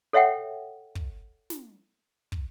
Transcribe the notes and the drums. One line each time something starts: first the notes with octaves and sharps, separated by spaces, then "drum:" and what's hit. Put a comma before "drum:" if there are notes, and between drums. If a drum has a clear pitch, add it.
A4 C#5 E5 F#5 G5
drum: kick
drum: snare
drum: kick